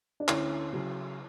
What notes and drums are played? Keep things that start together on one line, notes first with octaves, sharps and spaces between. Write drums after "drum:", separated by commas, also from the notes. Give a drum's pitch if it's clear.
D4
D2 C#4 E4, drum: clap
C#3 F#3